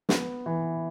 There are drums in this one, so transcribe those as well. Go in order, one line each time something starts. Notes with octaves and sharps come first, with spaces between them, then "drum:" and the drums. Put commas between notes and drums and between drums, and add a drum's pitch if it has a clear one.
B3, drum: snare
E3